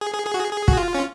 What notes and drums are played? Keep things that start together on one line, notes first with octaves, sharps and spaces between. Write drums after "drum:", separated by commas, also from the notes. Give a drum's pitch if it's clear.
G#4
G#4
G#4
F#4
G#4
G#4
F#4, drum: kick
F4
C#4